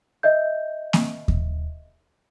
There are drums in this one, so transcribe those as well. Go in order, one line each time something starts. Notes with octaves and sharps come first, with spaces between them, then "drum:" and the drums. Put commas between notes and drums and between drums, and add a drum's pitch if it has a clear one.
D#5 E5 G6
drum: snare A#3
drum: kick D#2